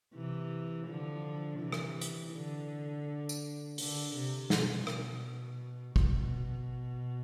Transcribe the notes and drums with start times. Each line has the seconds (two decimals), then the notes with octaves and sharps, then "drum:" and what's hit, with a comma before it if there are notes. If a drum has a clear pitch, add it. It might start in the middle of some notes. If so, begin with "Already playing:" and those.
0.14 C3 E3
0.87 D3 F3
1.59 C3 E3
1.72 drum: rim click
2.01 drum: hi-hat
2.33 D3
3.29 drum: tambourine
3.78 D3, drum: open hi-hat
4.15 C3
4.50 B2, drum: snare
4.87 B2, drum: rim click
5.96 B2, drum: kick